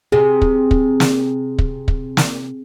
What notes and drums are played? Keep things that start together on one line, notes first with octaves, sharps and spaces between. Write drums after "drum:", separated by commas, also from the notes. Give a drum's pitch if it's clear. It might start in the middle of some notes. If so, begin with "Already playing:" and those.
C3 G#4
drum: kick
drum: kick
drum: snare
drum: kick
drum: kick
drum: snare